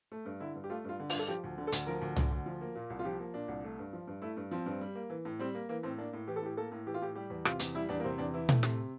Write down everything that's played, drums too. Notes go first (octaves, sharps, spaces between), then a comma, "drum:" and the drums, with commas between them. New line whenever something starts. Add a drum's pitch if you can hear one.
A3
G2
D3 E4
G2
G4
A3 F4
G2 F4
D3
F4, drum: open hi-hat
G2
A4
F3 G4
D2
D3
A4
D2, drum: hi-hat
F3 A#4
D2
D3, drum: tom C2
D2
F3
A#3
A#2
C2
F4
F3 G4
A#3
A#2 D4
C2
A3
G2
F3
G2
A3 E4
G2
F3 C4
G2
G3
A#3
E3
A2
G3 C4
A#3
E3 A#3
A2 C4
A#3 D4
A2
E3 G4
A4
A2 G4
A#3 A4
A2
E3 G4
F4
A2 G4
G3 G4
E2
C3 F4, drum: rim click
E2, drum: hi-hat
G3 E4
E2 D4
A#3
C3 C4
E2 D4
E3 E4
A3, drum: tom A#2
C3, drum: snare